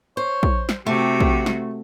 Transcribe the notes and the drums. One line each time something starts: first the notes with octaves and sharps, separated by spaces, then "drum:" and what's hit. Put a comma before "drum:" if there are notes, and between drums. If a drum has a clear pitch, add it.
C5 C#5
drum: kick
drum: snare
C3 A3 F#4 G4
drum: kick
drum: snare